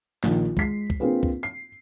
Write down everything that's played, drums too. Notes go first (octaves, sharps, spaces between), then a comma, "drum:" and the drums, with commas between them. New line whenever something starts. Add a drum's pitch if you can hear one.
A#1 D#3, drum: clap
G#3 B6 C7, drum: kick
drum: kick
A#3 C4 D4 F4 G#4 B4
drum: kick
C7